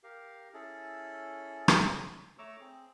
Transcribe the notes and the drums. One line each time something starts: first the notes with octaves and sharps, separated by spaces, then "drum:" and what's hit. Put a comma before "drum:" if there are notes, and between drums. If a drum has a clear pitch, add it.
G4 A#4 F5
C#4 E4 G#4 A4
drum: rim click
A3 C#5 A#5 C#6 D6 E6
C4 G#4